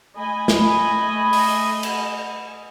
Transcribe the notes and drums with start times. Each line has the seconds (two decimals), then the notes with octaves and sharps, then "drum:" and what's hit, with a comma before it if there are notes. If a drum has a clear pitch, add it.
0.16 A3 D#5 G#5 B5
0.48 drum: snare
1.33 drum: open hi-hat
1.83 drum: cymbal